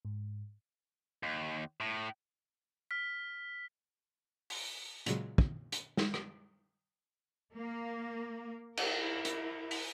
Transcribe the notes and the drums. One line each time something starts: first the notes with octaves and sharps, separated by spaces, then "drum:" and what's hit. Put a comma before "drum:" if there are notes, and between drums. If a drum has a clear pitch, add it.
G#2
D#2
A2
F6 B6
drum: open hi-hat
A#2 C#3 F#3 G#3, drum: hi-hat
drum: kick
drum: hi-hat
drum: snare
drum: rim click
A#3
E4 A#4, drum: cymbal
drum: hi-hat
drum: open hi-hat